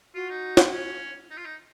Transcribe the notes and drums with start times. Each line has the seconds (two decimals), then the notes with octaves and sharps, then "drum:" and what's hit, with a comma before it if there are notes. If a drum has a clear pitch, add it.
0.14 F4 F#4
0.29 D#4
0.57 drum: snare
0.72 C#4
1.31 D#4
1.37 F4
1.45 D#4